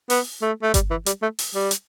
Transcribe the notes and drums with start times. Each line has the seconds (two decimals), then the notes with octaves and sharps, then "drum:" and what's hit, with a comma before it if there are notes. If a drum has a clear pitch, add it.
0.10 B3, drum: open hi-hat
0.42 A3
0.63 A3
0.74 G3, drum: kick G1, hi-hat
0.90 E3
1.06 G3, drum: hi-hat
1.22 A3
1.39 drum: open hi-hat
1.55 G3
1.71 drum: hi-hat